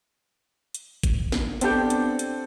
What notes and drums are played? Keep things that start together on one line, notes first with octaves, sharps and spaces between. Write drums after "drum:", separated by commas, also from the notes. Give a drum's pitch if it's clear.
drum: hi-hat
drum: kick G#1, hi-hat
drum: snare
B3 C4 D4 G4 A4 G6, drum: hi-hat
drum: hi-hat
drum: hi-hat